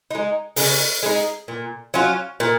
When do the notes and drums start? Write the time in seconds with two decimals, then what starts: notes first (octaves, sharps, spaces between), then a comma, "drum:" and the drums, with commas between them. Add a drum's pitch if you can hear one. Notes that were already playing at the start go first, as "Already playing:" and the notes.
0.11 G#3 D#4
0.56 C#3, drum: open hi-hat
1.03 G#3 D#4
1.48 A#2
1.94 F#3 C#4 F4
2.40 A#2